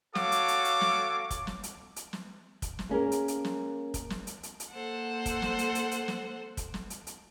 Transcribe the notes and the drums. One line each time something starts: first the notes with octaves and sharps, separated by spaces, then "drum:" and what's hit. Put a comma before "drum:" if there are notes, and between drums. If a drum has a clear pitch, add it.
F#4 A4 C#5 F5 D6, drum: snare
drum: hi-hat
drum: hi-hat
drum: hi-hat
drum: snare
drum: kick, hi-hat
drum: snare
drum: hi-hat
drum: hi-hat
drum: snare
drum: kick, hi-hat
drum: snare
A#3 C#4 G#4 A#4
drum: hi-hat
drum: hi-hat
drum: snare
drum: kick, hi-hat
drum: snare
drum: hi-hat
drum: hi-hat
drum: hi-hat
A#3 A4 C5 F#5
drum: kick, hi-hat
drum: snare
drum: hi-hat
drum: hi-hat
drum: hi-hat
drum: snare
drum: kick, hi-hat
drum: snare
drum: hi-hat
drum: hi-hat